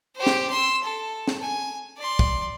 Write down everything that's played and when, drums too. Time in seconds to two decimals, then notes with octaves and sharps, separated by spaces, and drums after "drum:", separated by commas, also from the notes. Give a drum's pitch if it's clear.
0.15 G4 C5
0.27 drum: snare
0.50 C6 E6
0.84 A4
1.28 drum: snare
1.42 G#5
1.97 D5 C6
2.19 drum: kick